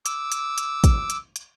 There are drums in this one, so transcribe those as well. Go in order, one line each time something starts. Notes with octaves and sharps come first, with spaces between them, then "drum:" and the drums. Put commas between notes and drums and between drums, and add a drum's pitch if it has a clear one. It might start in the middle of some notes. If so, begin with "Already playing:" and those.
D6 E6, drum: hi-hat
drum: hi-hat
drum: hi-hat
drum: kick, hi-hat
drum: hi-hat
drum: hi-hat